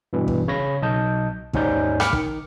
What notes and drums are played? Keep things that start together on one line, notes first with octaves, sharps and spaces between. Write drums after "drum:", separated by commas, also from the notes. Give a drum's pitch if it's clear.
G2 B2 E3
drum: kick
C#3 C#5 B5 A#6
B1 D#5 A5 G6
D#2 G#2 C#4 D#4 D5 G6, drum: kick
B5 D6 F6 C#7, drum: rim click
D#3, drum: kick